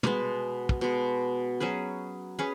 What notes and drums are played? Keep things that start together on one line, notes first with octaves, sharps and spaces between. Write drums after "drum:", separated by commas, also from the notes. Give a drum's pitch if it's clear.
B2 G#3 B3, drum: tom
drum: kick
B2 G#3 B3
F#3 C#4 G#4 B4
C#4 G#4 B4